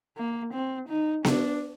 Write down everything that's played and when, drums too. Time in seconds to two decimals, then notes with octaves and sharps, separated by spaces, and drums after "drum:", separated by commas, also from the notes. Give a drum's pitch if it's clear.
0.17 A#3
0.53 C4
0.89 D#4
1.25 D4, drum: snare B3